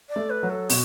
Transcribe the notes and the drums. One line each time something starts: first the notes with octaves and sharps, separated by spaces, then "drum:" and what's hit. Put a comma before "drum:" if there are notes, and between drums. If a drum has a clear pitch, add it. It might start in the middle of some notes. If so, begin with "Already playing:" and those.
D5
A3
B4
F#3
A4
B2 F#4, drum: open hi-hat